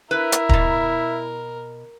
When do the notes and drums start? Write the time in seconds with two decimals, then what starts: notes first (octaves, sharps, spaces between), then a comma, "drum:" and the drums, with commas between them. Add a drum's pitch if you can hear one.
0.11 E4 A#4 B4 E5
0.32 drum: hi-hat
0.49 B2 A#5, drum: kick